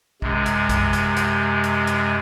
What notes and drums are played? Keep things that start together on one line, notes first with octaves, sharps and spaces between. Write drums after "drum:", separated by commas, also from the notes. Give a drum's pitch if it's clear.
F#2 C3 G#3, drum: kick
drum: hi-hat
drum: kick, hi-hat
drum: hi-hat
drum: hi-hat
drum: hi-hat
drum: hi-hat